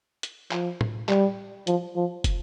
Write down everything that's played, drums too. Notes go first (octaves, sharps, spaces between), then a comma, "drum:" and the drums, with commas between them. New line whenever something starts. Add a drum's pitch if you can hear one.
drum: hi-hat
F3, drum: clap
drum: tom
G3, drum: clap
F3, drum: hi-hat
F3
drum: kick, hi-hat